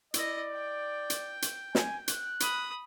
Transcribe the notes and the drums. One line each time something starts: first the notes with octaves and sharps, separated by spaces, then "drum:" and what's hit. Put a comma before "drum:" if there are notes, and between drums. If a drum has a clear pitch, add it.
E4 D5 D#5, drum: hi-hat
G5
drum: hi-hat
drum: hi-hat
G#5, drum: snare
F#6, drum: hi-hat
B5 D#6, drum: hi-hat